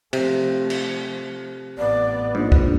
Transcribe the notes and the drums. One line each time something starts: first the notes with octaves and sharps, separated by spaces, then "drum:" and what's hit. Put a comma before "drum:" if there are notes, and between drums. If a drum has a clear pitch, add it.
C3 F3 A3, drum: cymbal
drum: cymbal
A1 B3 D5
A#1 G#2
drum: kick